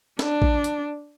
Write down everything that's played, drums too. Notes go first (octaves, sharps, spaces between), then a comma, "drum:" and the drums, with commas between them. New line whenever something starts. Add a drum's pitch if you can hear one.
D4, drum: snare
drum: kick A1
drum: hi-hat